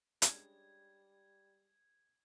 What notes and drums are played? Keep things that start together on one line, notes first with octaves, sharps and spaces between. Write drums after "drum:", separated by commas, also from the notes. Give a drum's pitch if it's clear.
G3 G#3 C#4 D4 G#6, drum: hi-hat